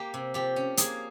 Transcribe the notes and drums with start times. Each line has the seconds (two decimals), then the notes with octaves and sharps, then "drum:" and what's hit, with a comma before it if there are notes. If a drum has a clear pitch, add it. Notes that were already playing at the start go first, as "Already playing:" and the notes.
Already playing: A#3 G4
0.14 C3
0.34 F3 G4
0.56 C#4
0.77 A#3 G#4, drum: hi-hat